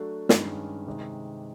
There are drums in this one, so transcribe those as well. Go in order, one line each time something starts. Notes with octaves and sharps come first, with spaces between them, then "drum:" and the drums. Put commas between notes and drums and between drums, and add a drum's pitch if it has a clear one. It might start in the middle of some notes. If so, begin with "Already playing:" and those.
Already playing: F#3 A3 D4 F#4 A4
G2 D#3 G#3 C#4, drum: snare
C3 D#3 G#3